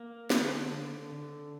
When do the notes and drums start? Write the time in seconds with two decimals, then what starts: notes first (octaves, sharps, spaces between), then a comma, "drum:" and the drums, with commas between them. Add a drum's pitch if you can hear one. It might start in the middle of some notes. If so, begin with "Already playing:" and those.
Already playing: A#3
0.30 D3, drum: snare
0.71 D3
1.12 D3